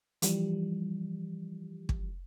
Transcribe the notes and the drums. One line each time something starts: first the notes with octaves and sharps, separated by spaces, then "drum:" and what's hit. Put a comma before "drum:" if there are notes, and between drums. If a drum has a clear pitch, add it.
E3 F3 G3, drum: hi-hat
drum: kick